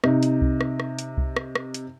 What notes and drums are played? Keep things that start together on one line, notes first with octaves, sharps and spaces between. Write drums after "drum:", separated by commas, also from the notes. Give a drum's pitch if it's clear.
C3 D#4, drum: rim click
drum: hi-hat
drum: kick C2
drum: rim click
drum: rim click
drum: hi-hat
drum: kick C2
drum: rim click
drum: rim click
drum: hi-hat